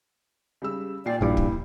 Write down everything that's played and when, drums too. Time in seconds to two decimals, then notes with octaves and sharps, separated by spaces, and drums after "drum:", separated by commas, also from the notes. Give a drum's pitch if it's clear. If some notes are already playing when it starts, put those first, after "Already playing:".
0.62 C#3 G3 E6
1.06 A#2 D5 G5 C7
1.21 A#1 G2 E4
1.37 drum: kick